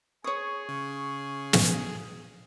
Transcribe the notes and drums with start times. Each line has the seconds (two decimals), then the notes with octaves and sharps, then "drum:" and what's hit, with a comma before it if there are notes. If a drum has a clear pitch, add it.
0.24 G#4 C#5 C#6 D#6
0.69 C#3
1.53 drum: snare